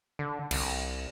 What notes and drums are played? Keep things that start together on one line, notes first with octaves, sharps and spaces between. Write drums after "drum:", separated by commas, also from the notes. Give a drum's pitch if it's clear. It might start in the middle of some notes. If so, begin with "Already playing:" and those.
D3
C2, drum: cymbal